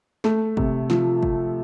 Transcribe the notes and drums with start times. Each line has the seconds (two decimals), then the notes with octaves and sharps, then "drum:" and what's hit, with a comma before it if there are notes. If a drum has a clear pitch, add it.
0.24 A3, drum: snare
0.57 C3, drum: kick
0.90 F3, drum: snare
1.23 drum: kick